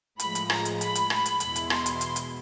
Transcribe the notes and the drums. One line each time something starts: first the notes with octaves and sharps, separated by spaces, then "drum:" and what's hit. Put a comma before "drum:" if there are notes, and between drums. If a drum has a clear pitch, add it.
A2 F3 G#3 B5, drum: hi-hat
drum: hi-hat
A#5, drum: rim click
drum: hi-hat
B5, drum: hi-hat
drum: hi-hat
B5, drum: rim click
drum: hi-hat
E2 B2 G#3 B3 E4, drum: hi-hat
drum: hi-hat
C6, drum: rim click
drum: hi-hat
drum: hi-hat
drum: hi-hat